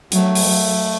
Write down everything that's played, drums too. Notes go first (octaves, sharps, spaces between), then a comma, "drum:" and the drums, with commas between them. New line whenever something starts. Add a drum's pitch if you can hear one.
F#3 A3, drum: hi-hat
drum: open hi-hat
F#3